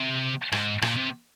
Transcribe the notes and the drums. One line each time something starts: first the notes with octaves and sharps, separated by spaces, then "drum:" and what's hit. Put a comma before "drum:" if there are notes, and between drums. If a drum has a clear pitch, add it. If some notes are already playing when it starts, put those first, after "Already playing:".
Already playing: C3
G#2, drum: rim click
A#2, drum: rim click
C3